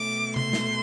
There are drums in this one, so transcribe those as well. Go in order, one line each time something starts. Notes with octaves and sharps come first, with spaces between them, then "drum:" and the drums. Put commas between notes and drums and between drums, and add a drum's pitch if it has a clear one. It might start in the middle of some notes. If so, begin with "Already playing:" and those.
Already playing: B2 A3 D6
C6, drum: tom C3
drum: snare